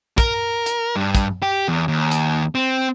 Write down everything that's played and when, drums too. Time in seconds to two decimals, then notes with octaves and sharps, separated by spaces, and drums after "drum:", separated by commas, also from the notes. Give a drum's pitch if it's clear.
0.18 A#4, drum: kick, hi-hat
0.66 drum: hi-hat
0.96 G2
1.15 drum: kick, hi-hat
1.42 G4
1.68 E2
1.88 D#2
2.11 drum: hi-hat
2.55 C4